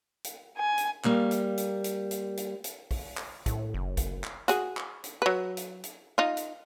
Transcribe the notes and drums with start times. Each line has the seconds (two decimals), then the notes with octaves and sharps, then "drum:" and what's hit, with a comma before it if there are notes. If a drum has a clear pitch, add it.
0.24 drum: hi-hat
0.57 G#5
0.78 drum: hi-hat
1.04 G3 A#3 F5, drum: clap
1.31 drum: hi-hat
1.58 drum: hi-hat
1.84 drum: hi-hat
2.11 drum: hi-hat
2.37 drum: hi-hat
2.64 drum: hi-hat
2.91 drum: kick, open hi-hat
3.17 drum: clap
3.46 A2, drum: kick, hi-hat
3.74 F#1
3.97 drum: kick, hi-hat
4.24 drum: clap
4.48 F#4 G#4, drum: hi-hat
4.77 drum: clap
5.04 drum: hi-hat
5.22 F#3 B4
5.57 drum: hi-hat
5.84 drum: hi-hat
6.18 D#4 F4
6.37 drum: hi-hat